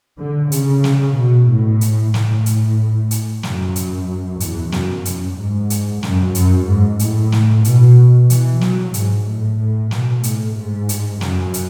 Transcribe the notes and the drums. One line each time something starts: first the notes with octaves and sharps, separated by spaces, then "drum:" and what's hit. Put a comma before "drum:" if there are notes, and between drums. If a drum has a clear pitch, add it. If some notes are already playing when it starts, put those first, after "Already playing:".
D3
C#3, drum: hi-hat
drum: snare
B2
A2
drum: hi-hat
A2, drum: snare
drum: hi-hat
drum: hi-hat
F#2, drum: snare
drum: hi-hat
E2, drum: hi-hat
F#2, drum: snare
F#2, drum: hi-hat
G#2
drum: hi-hat
F#2, drum: snare
F#2, drum: hi-hat
G#2
A2, drum: hi-hat
drum: snare
B2, drum: hi-hat
E3, drum: hi-hat
F#3, drum: snare
G#2, drum: hi-hat
A2
A2
B2, drum: snare
A2, drum: hi-hat
G#2
drum: hi-hat
F#2, drum: snare
drum: hi-hat